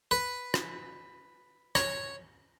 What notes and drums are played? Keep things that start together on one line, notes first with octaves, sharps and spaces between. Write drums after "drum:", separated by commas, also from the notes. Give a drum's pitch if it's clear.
B4
drum: rim click
C#5, drum: rim click